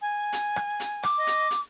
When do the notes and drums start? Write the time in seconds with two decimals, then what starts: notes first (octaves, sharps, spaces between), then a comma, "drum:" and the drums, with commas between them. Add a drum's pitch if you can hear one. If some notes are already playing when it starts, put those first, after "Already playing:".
0.02 G#5
0.33 drum: hi-hat
0.56 drum: rim click
0.80 drum: hi-hat
1.03 D6, drum: rim click
1.18 D#5
1.27 drum: hi-hat
1.51 drum: hi-hat